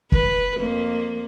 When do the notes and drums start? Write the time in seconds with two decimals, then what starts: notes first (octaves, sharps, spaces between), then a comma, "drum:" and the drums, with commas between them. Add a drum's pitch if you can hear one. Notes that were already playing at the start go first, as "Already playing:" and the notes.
0.12 B4, drum: kick
0.57 F2 A#3